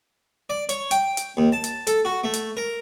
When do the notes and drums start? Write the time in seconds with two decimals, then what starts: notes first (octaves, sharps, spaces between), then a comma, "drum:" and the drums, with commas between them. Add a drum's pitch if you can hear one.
0.50 D5
0.69 C#5, drum: hi-hat
0.91 G5, drum: hi-hat
1.17 drum: hi-hat
1.37 D#2
1.52 A5
1.64 drum: hi-hat
1.87 A4, drum: hi-hat
2.05 F#4
2.24 A3
2.33 drum: hi-hat
2.57 A#4